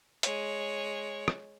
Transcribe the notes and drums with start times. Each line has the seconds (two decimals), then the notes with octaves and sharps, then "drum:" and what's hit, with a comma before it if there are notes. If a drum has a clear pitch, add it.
0.23 G#3 C#5, drum: hi-hat
1.28 drum: rim click